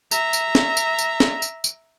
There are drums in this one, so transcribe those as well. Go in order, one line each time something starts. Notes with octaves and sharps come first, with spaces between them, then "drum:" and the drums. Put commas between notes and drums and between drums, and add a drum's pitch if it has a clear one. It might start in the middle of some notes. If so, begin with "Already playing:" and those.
E5 A#5, drum: tambourine
drum: tambourine
drum: snare
drum: tambourine
drum: tambourine
drum: snare
drum: tambourine
drum: tambourine